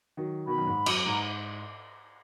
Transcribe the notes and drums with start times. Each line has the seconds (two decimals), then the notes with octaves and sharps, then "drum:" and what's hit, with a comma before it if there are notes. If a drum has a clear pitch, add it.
0.17 D#3 F#3
0.47 B2 D#3 B5
0.58 F#2
0.67 G#2
0.86 F#2, drum: cymbal
1.06 G#2 A#5